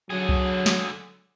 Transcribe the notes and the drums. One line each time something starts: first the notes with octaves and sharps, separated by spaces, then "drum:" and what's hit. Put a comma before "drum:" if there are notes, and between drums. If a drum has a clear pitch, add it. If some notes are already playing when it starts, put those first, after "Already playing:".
D3 F#3 G#4
drum: kick C2
drum: snare